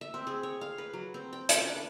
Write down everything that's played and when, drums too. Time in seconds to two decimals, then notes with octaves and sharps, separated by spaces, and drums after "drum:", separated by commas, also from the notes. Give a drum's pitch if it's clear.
0.01 E5
0.14 C4
0.27 G#4
0.43 C#5
0.61 F5
0.78 B4
0.93 F#3
1.14 C4
1.33 G5
1.49 C#4, drum: hi-hat
1.61 D4
1.76 B4